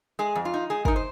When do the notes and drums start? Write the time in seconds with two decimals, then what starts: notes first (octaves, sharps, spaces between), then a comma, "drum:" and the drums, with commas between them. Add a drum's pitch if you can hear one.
0.19 G#3 G#4
0.35 F2
0.45 F4
0.54 D#4
0.70 G#3 G#4
0.85 D#4 A#4, drum: kick
0.96 C5